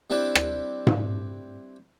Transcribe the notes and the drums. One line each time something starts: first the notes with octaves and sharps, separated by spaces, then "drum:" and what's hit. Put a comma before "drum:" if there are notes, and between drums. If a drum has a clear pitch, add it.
G3 C4 D4 E4 B4 D5
drum: rim click
drum: tom G#2